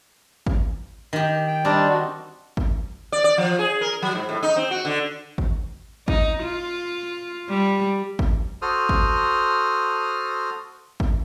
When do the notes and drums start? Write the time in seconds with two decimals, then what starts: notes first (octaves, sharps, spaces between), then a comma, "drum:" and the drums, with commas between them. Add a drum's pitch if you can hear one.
0.46 drum: kick G#1
1.13 D#3 G4
1.47 G5
1.65 G3 C4 D4 D#4 D5
1.90 F#4
2.57 drum: kick G#1
3.12 D5
3.24 D5
3.38 F3
3.59 G#4
3.81 A#4
4.02 F#3
4.15 G#2
4.29 A2
4.43 D#4
4.56 C4
4.71 F#4
4.85 D3
5.38 drum: kick G#1
6.08 D#4, drum: kick G#1
6.43 F4
7.49 G3
8.19 drum: kick G#1
8.62 F#4 A4 C5 D#6 F6
8.89 drum: kick G#1
11.00 drum: kick G#1